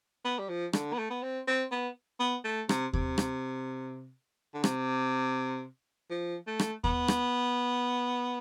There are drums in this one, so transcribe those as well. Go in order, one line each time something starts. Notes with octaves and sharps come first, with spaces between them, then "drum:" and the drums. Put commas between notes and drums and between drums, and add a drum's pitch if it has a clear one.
B3
G3
F3
D3, drum: rim click
B3
A3
B3
C4
C4
B3
B3
A3
C3, drum: rim click
C3, drum: kick D#2
drum: rim click
D3
C3, drum: rim click
F3
A3
drum: rim click
B3, drum: kick D#2
drum: rim click